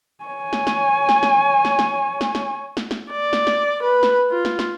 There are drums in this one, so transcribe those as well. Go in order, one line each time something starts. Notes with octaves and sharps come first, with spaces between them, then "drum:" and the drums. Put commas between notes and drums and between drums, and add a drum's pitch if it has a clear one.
C#5 G#5
drum: snare
drum: snare
drum: snare
drum: snare
drum: snare
drum: snare
drum: snare
drum: snare
drum: snare
drum: snare
D5
drum: snare
drum: snare
B4
drum: snare
F4
drum: snare
drum: snare